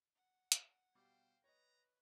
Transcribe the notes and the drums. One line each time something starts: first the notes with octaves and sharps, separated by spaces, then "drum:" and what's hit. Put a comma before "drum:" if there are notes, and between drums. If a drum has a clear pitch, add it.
F#5
drum: hi-hat
B2 G3 C5 F5 G5 D6
B4 C#5 D#5 A#5